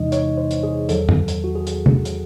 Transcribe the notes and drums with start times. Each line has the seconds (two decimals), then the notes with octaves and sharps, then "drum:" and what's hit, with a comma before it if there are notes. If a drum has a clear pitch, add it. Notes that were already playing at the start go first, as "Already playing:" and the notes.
Already playing: E2 C3 E3 G#3 D#4 D#5
0.12 C#5, drum: hi-hat
0.37 C5
0.51 drum: hi-hat
0.63 G#4
0.89 E2 D#3 F#3 A4, drum: hi-hat
1.09 drum: tom
1.28 drum: hi-hat
1.44 F#4
1.55 G#4
1.67 drum: hi-hat
1.86 drum: tom
2.05 drum: hi-hat